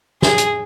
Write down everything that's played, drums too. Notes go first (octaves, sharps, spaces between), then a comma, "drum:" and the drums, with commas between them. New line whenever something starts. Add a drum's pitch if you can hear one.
G#4, drum: snare
drum: hi-hat